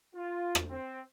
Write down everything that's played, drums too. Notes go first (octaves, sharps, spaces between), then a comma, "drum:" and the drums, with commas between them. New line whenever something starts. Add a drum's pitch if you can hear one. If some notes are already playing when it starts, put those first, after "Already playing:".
F4
drum: rim click
C4